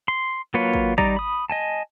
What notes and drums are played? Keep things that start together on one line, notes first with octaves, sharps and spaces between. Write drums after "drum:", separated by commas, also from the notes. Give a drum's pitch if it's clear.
C6
F#3 A#3 F4 B4 C#5
drum: kick G#1
G3 D#4 D5 A#5, drum: kick G#1
B5 D#6
D#5 G#5 A5